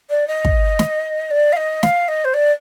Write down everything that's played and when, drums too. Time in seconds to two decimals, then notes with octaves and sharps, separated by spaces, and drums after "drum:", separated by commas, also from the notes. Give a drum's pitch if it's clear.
0.10 D5
0.28 D#5
0.45 drum: kick
0.79 drum: snare
1.31 D5
1.53 F5
1.57 D#5
1.83 F5, drum: snare
2.08 D#5
2.25 C5
2.34 D5